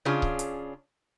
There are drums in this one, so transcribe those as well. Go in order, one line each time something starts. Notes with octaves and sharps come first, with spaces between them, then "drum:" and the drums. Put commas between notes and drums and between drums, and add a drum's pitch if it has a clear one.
C#3 C#4 D4 F4 G#4
drum: kick C#1
drum: hi-hat